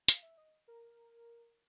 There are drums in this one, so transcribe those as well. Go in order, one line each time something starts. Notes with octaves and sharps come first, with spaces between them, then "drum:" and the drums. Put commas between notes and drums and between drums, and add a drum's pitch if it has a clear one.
F5, drum: hi-hat
E5
D#5
A#4